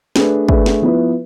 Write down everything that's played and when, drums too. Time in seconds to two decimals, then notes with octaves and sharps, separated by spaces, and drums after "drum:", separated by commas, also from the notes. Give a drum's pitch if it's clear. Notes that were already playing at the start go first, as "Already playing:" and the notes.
0.16 A3 D4 G#4 B4, drum: snare
0.49 A3 D4 G#4 B4, drum: kick
0.66 drum: snare
0.82 F3 B3 E4 B4